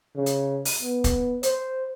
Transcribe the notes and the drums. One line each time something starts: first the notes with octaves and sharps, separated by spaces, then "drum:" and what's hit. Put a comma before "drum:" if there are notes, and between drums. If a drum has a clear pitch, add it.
C#3
drum: hi-hat
drum: open hi-hat
B3
drum: kick, hi-hat
C5, drum: hi-hat